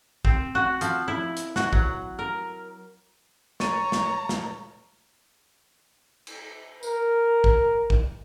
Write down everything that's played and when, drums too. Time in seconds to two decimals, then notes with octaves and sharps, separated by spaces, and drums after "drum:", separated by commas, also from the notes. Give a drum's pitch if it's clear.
0.25 C4, drum: kick A#1
0.55 F#4
0.81 F3, drum: hi-hat
1.08 E4
1.37 drum: hi-hat
1.56 F#4, drum: snare
1.73 F#3, drum: kick A#1
2.19 A#4
3.60 C#5 A#5 C#6 A6 D#7, drum: snare
3.92 drum: snare
4.29 drum: snare
6.27 drum: cymbal
6.83 A#4, drum: tambourine
7.44 drum: kick A#1
7.90 drum: kick A#1